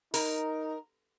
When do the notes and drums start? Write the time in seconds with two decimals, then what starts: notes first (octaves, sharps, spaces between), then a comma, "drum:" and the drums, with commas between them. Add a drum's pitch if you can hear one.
0.14 D#4 A#4, drum: open hi-hat